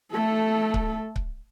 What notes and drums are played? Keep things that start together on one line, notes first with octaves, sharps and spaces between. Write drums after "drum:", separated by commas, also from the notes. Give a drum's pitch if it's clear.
A3 A4
drum: kick C#1
drum: kick C#1